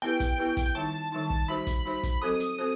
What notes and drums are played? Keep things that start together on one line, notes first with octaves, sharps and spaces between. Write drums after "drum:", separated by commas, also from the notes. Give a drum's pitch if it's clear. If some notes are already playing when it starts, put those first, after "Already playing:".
B3 E4 G4 B4 G5
drum: kick, hi-hat
B3 E4 G4 B4
drum: kick, hi-hat
G5
D#3 G3 D#4 A5
D#3 G3 D#4
drum: kick
G3 D#4 F#4 C5 B5
drum: kick, hi-hat
G3 D#4 F#4 C5
drum: kick, hi-hat
F#3 C4 F#4 A4 C5 D#6
drum: hi-hat
C4 F#4 A4 C5